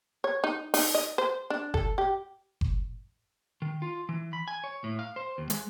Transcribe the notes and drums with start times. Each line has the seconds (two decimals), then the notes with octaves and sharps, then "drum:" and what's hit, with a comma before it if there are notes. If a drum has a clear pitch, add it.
0.24 C#5
0.44 D#4
0.74 D#4, drum: open hi-hat
0.95 D#5
1.18 C5
1.50 D4
1.74 A4, drum: kick F#1
1.98 G4
2.61 drum: kick F#1
3.62 D#3
3.82 F4
4.09 E3
4.33 B5
4.48 G#5
4.64 C#5
4.84 A2
4.99 F5
5.16 C5
5.38 D#2
5.50 G#3, drum: hi-hat